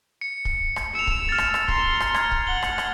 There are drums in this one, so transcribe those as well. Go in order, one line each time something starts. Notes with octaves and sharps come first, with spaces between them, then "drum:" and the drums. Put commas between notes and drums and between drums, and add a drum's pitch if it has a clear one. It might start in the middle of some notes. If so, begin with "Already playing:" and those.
C#7
drum: kick
drum: rim click
E6 C#7 F7
drum: kick
F6 A6
drum: rim click
drum: rim click
A#5 C6, drum: kick
drum: rim click
F6 G#6, drum: rim click
drum: kick
F#5 G7
drum: rim click
drum: rim click